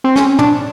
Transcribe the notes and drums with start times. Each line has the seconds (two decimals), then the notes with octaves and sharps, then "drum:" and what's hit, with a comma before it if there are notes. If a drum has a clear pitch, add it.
0.04 C4
0.16 C#4, drum: snare
0.39 D4, drum: tom